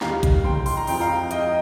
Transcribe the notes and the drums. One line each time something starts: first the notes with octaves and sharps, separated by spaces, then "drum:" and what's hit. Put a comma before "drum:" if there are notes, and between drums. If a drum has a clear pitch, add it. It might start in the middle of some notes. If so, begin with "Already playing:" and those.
D#2 D#3 G3 F5 A#5, drum: snare
drum: kick A1, hi-hat
G5 C6, drum: tom
C6, drum: open hi-hat
A#5
F2 F3 G5, drum: open hi-hat
F5 A#5
D#5 G5, drum: hi-hat